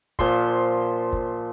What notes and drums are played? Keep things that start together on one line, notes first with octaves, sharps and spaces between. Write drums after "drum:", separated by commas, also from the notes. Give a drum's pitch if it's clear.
A#2 F3 C5 C6, drum: kick
drum: kick